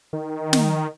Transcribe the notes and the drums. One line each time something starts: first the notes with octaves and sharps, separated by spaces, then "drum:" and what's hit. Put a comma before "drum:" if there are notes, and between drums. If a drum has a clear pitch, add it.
D#3
drum: snare